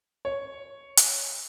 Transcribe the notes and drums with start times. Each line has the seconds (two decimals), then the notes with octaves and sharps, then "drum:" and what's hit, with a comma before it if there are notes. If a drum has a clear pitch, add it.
0.25 C#5
0.97 drum: hi-hat